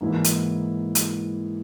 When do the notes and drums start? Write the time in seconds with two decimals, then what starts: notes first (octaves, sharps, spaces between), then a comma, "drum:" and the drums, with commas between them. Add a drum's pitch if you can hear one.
0.01 G#2 E3 A#3 E4
0.24 drum: hi-hat
0.95 drum: hi-hat